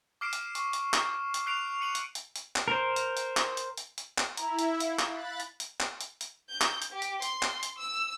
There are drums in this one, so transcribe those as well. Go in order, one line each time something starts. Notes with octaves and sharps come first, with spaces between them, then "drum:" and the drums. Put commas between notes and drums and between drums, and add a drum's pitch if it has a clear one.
D6 F6 C7 D7 E7
drum: hi-hat
C#6, drum: hi-hat
drum: hi-hat
drum: clap
drum: hi-hat
C#6 F6 F#6 C7 D7 F7
C#7 D#7 F7 F#7
drum: hi-hat
drum: hi-hat
drum: hi-hat
drum: clap
A#4 C5
drum: hi-hat
drum: hi-hat
drum: clap
drum: hi-hat
drum: hi-hat
drum: hi-hat
drum: clap
E4 A#5, drum: hi-hat
drum: hi-hat
F5, drum: hi-hat
drum: clap
B5 F#6 A6
drum: hi-hat
drum: hi-hat
drum: clap
drum: hi-hat
drum: hi-hat
G6
drum: clap
drum: hi-hat
G4
drum: hi-hat
C6, drum: hi-hat
drum: clap
drum: hi-hat
E6